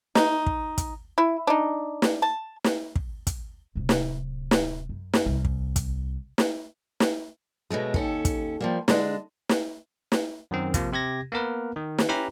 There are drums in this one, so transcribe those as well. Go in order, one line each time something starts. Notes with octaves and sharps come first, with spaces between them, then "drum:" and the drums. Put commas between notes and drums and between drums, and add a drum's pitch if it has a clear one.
D#4, drum: snare
drum: kick
drum: kick, hi-hat
E4
D4 D#4
drum: snare
A5
drum: snare
drum: kick
drum: kick, hi-hat
D1 C3
drum: snare
drum: snare
F#2
drum: snare
C2
drum: kick
drum: kick, hi-hat
drum: snare
drum: snare
B2 F#3 G#3 A3
D#2 C#4 A4, drum: kick
drum: kick, hi-hat
F3 G3 A#3
D3 G#3 D4, drum: snare
drum: snare
drum: snare
F#2 D#3 C4
C3 F3 A#3, drum: kick, hi-hat
C3 G4 G#6 A#6
A#3 B3 A#4 B4
D#3
drum: snare
C#4 E4 G4 B4 A#5 B5